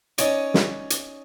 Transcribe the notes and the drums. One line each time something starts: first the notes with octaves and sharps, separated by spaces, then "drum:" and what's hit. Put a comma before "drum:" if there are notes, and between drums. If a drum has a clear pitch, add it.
C#4 D#4 C#5 D5, drum: hi-hat
drum: snare
drum: hi-hat